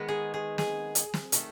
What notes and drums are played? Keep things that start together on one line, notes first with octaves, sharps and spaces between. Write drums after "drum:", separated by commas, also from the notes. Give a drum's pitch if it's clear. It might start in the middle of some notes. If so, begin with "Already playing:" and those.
Already playing: D#3 G#3 B3
G#4
G#4
G#4, drum: snare
drum: hi-hat
drum: snare
D#3 A3, drum: hi-hat